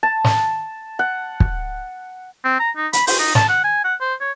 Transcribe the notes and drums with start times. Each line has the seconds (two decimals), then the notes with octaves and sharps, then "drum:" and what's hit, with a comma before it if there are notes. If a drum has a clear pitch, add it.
0.03 A5
0.24 drum: snare
0.99 F#5
1.40 drum: kick
2.45 C4
2.59 A#5
2.77 D#4
2.93 B5, drum: hi-hat
3.07 C5, drum: open hi-hat
3.19 D#4
3.35 A5, drum: snare
3.49 F#5
3.64 G#5
3.84 F#5
4.01 C5
4.21 C#5